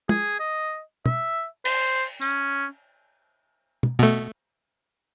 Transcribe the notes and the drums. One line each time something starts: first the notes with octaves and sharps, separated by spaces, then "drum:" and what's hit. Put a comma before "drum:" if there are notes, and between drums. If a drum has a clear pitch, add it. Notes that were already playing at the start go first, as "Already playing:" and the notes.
G#4, drum: tom
D#5
E5, drum: tom
C5, drum: cymbal
C#4, drum: tambourine
drum: tom
B2 A3